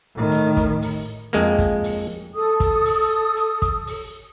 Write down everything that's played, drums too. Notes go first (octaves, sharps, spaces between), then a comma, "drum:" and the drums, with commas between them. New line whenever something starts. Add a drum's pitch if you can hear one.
A2 D#3
drum: hi-hat
drum: kick, hi-hat
drum: open hi-hat
F2 G#3 A#3, drum: hi-hat
drum: kick, hi-hat
drum: open hi-hat
A4 D#6
drum: kick, hi-hat
drum: open hi-hat
drum: hi-hat
drum: kick, hi-hat
drum: open hi-hat